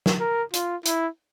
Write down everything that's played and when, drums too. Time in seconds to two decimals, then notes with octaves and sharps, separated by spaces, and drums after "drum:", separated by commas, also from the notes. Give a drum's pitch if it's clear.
0.06 drum: snare
0.20 A#4
0.54 F4, drum: hi-hat
0.85 E4, drum: hi-hat